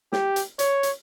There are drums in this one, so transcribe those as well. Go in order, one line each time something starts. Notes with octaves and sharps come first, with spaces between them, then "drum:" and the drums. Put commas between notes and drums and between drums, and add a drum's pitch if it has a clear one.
G4, drum: snare
drum: hi-hat
C#5, drum: hi-hat
drum: hi-hat